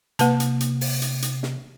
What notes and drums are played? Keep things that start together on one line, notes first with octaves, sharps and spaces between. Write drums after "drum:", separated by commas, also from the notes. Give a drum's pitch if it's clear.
C3 A#3 B4 A5, drum: hi-hat
drum: hi-hat
drum: hi-hat
drum: open hi-hat
drum: hi-hat
drum: hi-hat
drum: snare